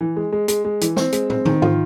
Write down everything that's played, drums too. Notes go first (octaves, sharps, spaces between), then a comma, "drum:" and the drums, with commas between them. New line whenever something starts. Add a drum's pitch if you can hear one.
E3
G#3
G#3
G#3, drum: hi-hat
G#3
E3, drum: hi-hat
C4, drum: snare
G#3, drum: hi-hat
C4, drum: tom
D#3, drum: tom
F4, drum: tom G#2